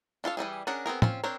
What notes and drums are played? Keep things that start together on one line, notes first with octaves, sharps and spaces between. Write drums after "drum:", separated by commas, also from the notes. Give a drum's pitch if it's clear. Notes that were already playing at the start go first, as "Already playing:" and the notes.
D4 F4 A4 F5
E3 G3 A3 G#4
C#4 D4 G#4 A#4 F#5
B3 C4 G#4 A#4
C4 C#4 F4, drum: tom
C4 D4 A#4 C5 C#5